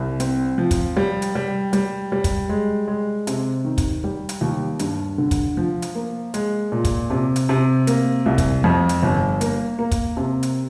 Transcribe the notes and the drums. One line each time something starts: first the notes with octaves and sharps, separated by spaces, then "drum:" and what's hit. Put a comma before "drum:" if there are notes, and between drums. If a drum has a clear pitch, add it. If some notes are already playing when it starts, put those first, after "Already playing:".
Already playing: C2
C4, drum: hi-hat
F3
drum: kick, hi-hat
G3
drum: hi-hat
G3
G3, drum: hi-hat
G3
drum: kick, hi-hat
G#3
G#3
C3, drum: hi-hat
D#3
drum: kick, hi-hat
G3
drum: hi-hat
D#2
G2, drum: hi-hat
D3
drum: kick, hi-hat
F3
drum: hi-hat
A#3
G#3, drum: hi-hat
A#2
drum: kick, hi-hat
C3
drum: hi-hat
C3
A#3, drum: hi-hat
C2
drum: kick, hi-hat
F2
drum: hi-hat
G1
A#3, drum: hi-hat
A#3
drum: kick, hi-hat
C3
drum: hi-hat